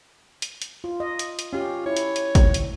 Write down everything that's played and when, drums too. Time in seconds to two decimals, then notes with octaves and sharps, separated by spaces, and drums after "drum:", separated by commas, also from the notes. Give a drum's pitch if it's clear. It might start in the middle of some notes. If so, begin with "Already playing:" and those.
0.42 drum: hi-hat
0.62 drum: hi-hat
0.84 F4
1.00 D#5
1.19 drum: hi-hat
1.39 drum: hi-hat
1.53 C#4 F4 G4
1.86 E4 C#5
1.97 drum: hi-hat
2.16 drum: hi-hat
2.35 drum: kick, hi-hat
2.54 drum: hi-hat